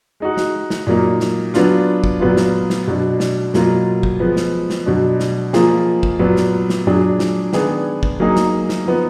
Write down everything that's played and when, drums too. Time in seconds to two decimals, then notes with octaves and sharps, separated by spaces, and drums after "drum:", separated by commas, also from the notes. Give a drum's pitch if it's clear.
0.20 G#3 D#4 F#4
0.37 drum: snare
0.70 drum: snare
0.87 A#2 F#3 A#3 D#4
1.20 drum: snare
1.54 F#3 B3 D4 F4, drum: snare
2.04 drum: kick
2.20 A#2 F#3 B3 F4
2.37 drum: snare
2.70 drum: snare
2.87 B2 F#3 D4
3.20 drum: snare
3.54 B2 F#3 A#3 F4, drum: snare
4.03 drum: kick
4.20 F3 G#3 B3
4.37 drum: snare
4.70 drum: snare
4.86 B2 F#3 D4
5.20 drum: snare
5.53 F3 A#3 F4 G#4, drum: snare
6.03 drum: kick
6.19 A#2 F#3 B3
6.36 drum: snare
6.70 drum: snare
6.87 A#2 F#3 D4 G#4
7.20 drum: snare
7.53 D#3 G#3 B3 D4 G#4, drum: snare
8.03 drum: kick
8.20 F#3 A#3 D#4 G#4
8.36 drum: snare
8.69 drum: snare
8.86 F3 B3 D#4